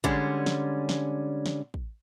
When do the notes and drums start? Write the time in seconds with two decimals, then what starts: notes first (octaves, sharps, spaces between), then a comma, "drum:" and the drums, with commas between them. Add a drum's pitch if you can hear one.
0.04 D3 G3 G#3 C#4, drum: kick
0.46 drum: snare
0.89 drum: snare
1.46 drum: snare
1.74 drum: kick